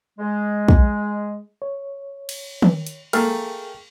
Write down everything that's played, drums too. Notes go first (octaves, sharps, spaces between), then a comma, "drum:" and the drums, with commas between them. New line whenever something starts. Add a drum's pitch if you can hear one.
G#3
drum: kick
C#5
drum: cymbal
drum: tom D#3
drum: hi-hat
A3 A#3 G#4 A#4 G5 F6, drum: cymbal